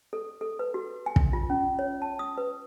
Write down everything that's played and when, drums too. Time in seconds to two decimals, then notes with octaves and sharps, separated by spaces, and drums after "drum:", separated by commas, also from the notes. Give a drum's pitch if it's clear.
0.13 A4
0.41 A4
0.59 B4
0.74 F#4
1.06 G#5
1.16 drum: kick
1.33 F4
1.50 C#4
1.79 C#5
2.02 A5
2.19 D#6
2.38 B4